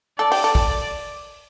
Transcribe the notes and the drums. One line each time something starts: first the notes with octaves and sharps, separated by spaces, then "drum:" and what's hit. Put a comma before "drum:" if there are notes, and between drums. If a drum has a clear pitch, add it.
A4 D5
G4, drum: open hi-hat
A4
drum: kick